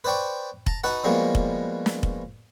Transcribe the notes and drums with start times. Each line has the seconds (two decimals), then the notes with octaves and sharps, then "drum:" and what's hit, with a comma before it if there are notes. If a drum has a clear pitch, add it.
0.04 B4 C5 D5 G5 C#6
0.66 A5 A#5, drum: kick
0.84 D#4 F#4 B4 F#5 A5
1.04 F3 G3 G#3 A#3 B3 F#4
1.35 drum: kick
1.86 drum: snare
2.03 drum: kick